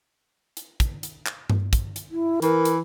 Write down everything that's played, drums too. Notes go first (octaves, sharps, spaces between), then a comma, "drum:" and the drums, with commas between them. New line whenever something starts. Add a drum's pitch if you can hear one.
drum: hi-hat
drum: kick, hi-hat
drum: hi-hat
drum: clap
drum: tom G2
drum: kick, hi-hat
drum: hi-hat
E4
E3 A#4, drum: hi-hat
drum: hi-hat